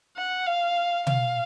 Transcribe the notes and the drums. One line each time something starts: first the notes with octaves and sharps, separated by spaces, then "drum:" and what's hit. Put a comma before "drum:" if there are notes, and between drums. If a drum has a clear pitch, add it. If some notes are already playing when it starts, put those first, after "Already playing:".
F#5
F5
F5, drum: tom B2